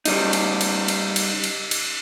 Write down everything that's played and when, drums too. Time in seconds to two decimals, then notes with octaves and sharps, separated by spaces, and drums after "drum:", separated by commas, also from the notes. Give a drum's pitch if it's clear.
0.05 C#3 G3 D#4, drum: cymbal
0.33 drum: cymbal
0.61 drum: cymbal
0.88 drum: cymbal
1.16 drum: cymbal
1.44 drum: cymbal
1.71 drum: cymbal